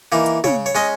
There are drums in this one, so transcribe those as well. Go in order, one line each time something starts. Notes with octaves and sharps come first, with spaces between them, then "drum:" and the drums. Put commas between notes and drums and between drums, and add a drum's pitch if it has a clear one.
E3 A#3 D#4
drum: hi-hat
C#3 C#5, drum: tom
C#5
G#3 C#4 D#5